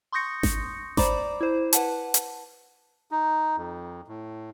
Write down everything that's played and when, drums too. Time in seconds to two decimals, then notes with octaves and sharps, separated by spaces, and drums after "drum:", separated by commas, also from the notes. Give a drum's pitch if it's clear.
0.12 C6 C#6 D#6 G6 A#6 C#7
0.43 drum: snare G#1
0.97 C5 D5 A#5 B5 D6, drum: snare G#1
1.41 E4 C5
1.73 B4 F#5 A5, drum: hi-hat
2.14 drum: hi-hat
3.11 D#4
3.57 F2
4.08 A2